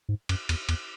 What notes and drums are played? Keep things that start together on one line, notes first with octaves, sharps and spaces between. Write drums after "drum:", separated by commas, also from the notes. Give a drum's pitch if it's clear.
G#2
F#2, drum: cymbal
E2, drum: cymbal
E2, drum: cymbal